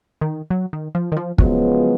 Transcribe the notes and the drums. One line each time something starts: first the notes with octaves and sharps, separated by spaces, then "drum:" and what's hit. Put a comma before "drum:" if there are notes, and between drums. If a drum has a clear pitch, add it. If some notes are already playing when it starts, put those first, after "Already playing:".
D#3
F#3
D#3
F3
D#3
F3
C#3 F3 F#3 G#3 B3, drum: kick